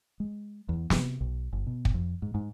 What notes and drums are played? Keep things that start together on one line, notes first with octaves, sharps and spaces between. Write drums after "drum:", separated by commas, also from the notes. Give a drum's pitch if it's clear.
G#3
E2
C3, drum: snare
B1
G1
B2
drum: kick
F2
G#2
G#2